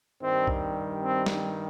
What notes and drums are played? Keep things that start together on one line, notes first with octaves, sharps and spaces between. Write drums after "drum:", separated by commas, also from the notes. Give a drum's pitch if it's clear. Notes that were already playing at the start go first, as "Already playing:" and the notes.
G2 D#3 G3 C4
drum: kick A#1
C4
drum: snare